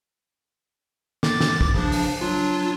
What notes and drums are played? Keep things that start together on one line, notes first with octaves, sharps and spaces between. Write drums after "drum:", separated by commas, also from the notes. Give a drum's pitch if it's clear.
D6 A6, drum: snare
drum: snare
drum: kick
C#3 F3 D4
drum: open hi-hat
F#3 D4 F4